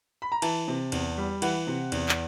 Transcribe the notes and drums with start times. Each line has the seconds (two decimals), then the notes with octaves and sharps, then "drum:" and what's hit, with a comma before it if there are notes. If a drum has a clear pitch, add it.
0.22 B5
0.32 A#5
0.42 E3 A5, drum: cymbal
0.68 C3
0.92 E2, drum: cymbal
1.18 G3
1.42 E3 F#5, drum: cymbal
1.67 C3
1.92 E2, drum: cymbal
2.09 drum: clap